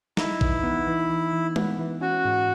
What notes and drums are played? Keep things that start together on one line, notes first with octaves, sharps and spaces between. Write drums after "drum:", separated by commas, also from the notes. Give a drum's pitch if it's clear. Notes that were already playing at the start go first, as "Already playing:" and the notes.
D#4 E4, drum: snare
E3, drum: kick A#1
B3
E3
E3
E3
B3, drum: tom G#3
E3
C#4 F#4
G#2